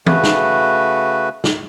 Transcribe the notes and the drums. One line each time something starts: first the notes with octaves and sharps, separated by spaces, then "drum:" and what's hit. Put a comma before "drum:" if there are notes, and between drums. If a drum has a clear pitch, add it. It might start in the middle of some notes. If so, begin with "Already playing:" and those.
C#3 A3 F#4 B4, drum: tom
drum: snare
drum: snare